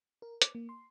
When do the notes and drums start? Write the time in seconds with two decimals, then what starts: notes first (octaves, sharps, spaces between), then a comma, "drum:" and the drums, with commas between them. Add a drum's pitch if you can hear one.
0.22 A#4
0.42 D6, drum: hi-hat
0.55 A#3
0.69 C6